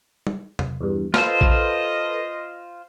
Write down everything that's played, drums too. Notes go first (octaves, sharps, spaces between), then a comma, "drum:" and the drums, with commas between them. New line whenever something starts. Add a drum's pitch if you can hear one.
drum: tom
drum: tom
E2 G2
F4 A4 B4 C5 D#5, drum: snare
drum: kick A1